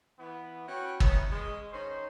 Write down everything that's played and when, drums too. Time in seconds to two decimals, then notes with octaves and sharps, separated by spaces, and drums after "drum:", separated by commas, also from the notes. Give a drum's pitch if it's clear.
0.18 E3 B3
0.67 C#4 F#4 G5 B5
1.00 B3 C#4 D#4 E4, drum: kick
1.31 G#3 C#4
1.71 D#3 C#4 C5